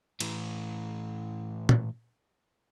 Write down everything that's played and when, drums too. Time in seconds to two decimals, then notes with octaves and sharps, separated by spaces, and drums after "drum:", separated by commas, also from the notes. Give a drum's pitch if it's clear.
0.20 A2 E3, drum: cymbal
1.69 drum: tom